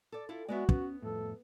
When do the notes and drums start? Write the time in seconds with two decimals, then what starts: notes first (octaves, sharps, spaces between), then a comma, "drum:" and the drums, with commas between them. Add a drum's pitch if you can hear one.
0.12 A4 D5
0.29 E4 F4 A4
0.49 G#3 B3 F#4 D5 E5
0.69 B3 C#4, drum: kick
1.02 F2 A2 A4